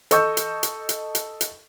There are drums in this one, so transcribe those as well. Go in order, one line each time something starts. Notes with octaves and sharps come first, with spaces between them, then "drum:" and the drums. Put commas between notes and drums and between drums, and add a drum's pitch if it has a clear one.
A4 D#5 C#6 E6 G6, drum: hi-hat
drum: hi-hat
drum: hi-hat
drum: hi-hat
drum: hi-hat
drum: hi-hat